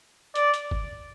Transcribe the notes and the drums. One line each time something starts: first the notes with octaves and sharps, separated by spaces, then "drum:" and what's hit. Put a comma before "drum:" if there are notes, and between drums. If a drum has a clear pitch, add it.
D5, drum: hi-hat
drum: hi-hat
drum: kick G1